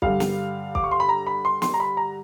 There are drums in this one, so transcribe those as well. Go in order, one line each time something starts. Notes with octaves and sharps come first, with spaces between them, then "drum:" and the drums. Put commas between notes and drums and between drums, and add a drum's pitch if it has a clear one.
G2 D3 G3 F5, drum: kick
drum: snare
D6, drum: kick
C#6
C6
B5
A#5
B5
C6
C6, drum: snare
A#5
B5
A#5